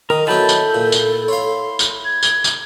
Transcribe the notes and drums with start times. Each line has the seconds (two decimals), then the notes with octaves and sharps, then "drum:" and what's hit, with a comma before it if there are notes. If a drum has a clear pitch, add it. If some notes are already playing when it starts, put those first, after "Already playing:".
0.10 D#3 A#4 D#6
0.27 D#3 F#3 B3 E4 A4 A5 B5 G6
0.49 drum: tambourine
0.75 A#2
0.92 drum: tambourine
1.28 C#5 F5 C6
1.79 drum: tambourine
2.04 G#6
2.23 drum: tambourine
2.44 drum: tambourine